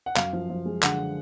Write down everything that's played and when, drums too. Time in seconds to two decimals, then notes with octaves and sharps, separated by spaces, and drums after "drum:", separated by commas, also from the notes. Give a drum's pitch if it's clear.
0.06 F#5
0.16 F#2 F5, drum: clap
0.33 F3
0.50 F3
0.66 G#3
0.83 D3 F#5, drum: clap